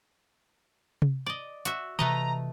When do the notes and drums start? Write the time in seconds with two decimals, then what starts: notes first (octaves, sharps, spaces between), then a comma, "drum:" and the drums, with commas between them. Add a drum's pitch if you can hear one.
1.02 drum: tom C3
1.26 D5 D#5
1.65 F#4 E5, drum: hi-hat
1.99 C3 E3 A3 B4 D#5 A#5